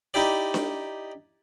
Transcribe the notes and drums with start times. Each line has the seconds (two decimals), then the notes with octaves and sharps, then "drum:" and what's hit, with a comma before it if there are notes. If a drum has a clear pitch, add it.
0.14 D#4 E4 G4 D5
0.54 drum: snare D4